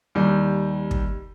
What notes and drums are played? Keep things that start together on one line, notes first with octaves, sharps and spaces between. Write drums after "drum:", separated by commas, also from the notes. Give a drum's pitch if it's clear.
D#2 G3
drum: kick